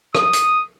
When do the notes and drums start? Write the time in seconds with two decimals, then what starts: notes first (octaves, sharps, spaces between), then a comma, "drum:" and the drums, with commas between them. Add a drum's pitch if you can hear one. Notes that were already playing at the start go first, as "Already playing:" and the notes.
0.15 D#6, drum: rim click
0.33 drum: hi-hat